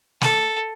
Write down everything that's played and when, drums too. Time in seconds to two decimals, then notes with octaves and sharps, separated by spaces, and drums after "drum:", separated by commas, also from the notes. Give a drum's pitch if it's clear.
0.21 A4, drum: snare